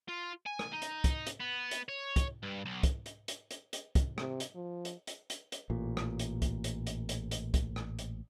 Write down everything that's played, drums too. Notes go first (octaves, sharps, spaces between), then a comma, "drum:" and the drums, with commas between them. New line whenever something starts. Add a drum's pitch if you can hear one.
F4
G#5
drum: rim click
D#4
drum: hi-hat
drum: kick, hi-hat
drum: hi-hat
B3
drum: hi-hat
C#5
drum: kick, hi-hat
G2
B1
drum: kick, hi-hat
drum: hi-hat
drum: hi-hat
drum: hi-hat
drum: hi-hat
drum: kick, hi-hat
C3, drum: rim click
drum: hi-hat
F3
drum: hi-hat
drum: hi-hat
drum: hi-hat
drum: hi-hat
A1 A#2
drum: rim click
drum: hi-hat
drum: kick, hi-hat
drum: hi-hat
drum: hi-hat
drum: hi-hat
drum: hi-hat
drum: kick, hi-hat
drum: rim click
drum: hi-hat